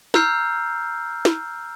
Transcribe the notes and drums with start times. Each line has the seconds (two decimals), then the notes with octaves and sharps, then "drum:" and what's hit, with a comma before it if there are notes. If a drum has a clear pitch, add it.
0.14 A#5 E6 F6 G6 C7, drum: snare
1.25 drum: snare